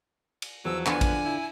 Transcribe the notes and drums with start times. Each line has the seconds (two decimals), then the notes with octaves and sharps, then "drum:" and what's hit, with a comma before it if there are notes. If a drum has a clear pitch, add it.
0.42 drum: cymbal
0.65 E2 F3 F#3 E6
0.86 D3 B3 D4 F4 G#5, drum: clap
1.01 drum: kick A1, cymbal
1.25 E4